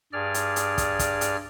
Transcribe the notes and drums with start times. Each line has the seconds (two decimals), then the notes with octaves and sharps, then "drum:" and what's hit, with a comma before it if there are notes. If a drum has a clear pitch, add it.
0.13 G2 G#4 D5 F6
0.34 drum: hi-hat
0.56 drum: hi-hat
0.78 drum: kick, hi-hat
0.99 drum: kick, hi-hat
1.21 drum: hi-hat